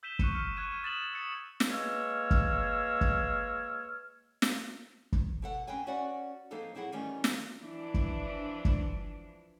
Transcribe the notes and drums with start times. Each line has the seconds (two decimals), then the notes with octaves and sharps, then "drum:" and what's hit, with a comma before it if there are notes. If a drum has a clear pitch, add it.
0.03 E6 G6 B6 D#7 E7 G7
0.19 C#6 F#6 C#7 D#7, drum: kick G1
0.35 F6 C#7
0.57 C#6 F#6 G#6 D#7
0.83 D#6 A6 E7 F#7
1.13 E6 A6 C#7
1.60 drum: snare
1.70 G#3 A#3 B4 C#5 E6 F6
2.31 drum: kick G1
3.01 drum: kick G1
4.42 drum: snare
5.12 drum: kick G1
5.42 B2 A4 F#5
5.67 C4 C#4 B4 G5 G#5
5.87 C#4 F#4 B4 C#5 D5 F#5
6.51 F3 A#3 C4 D#4 A4 B4
6.75 F#3 C4 E4 G#4 F#5
6.92 D#3 E3 G3 A3 C#4 D#4
7.24 drum: snare
7.61 E3 F3 D4
7.94 drum: kick G1
8.65 drum: kick G1